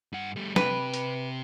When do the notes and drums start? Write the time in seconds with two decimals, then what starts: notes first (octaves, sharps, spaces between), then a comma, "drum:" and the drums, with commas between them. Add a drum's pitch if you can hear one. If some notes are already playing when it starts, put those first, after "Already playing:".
0.13 G2 F#5
0.36 G3 A3
0.56 C3 B4 G5, drum: snare
0.94 drum: hi-hat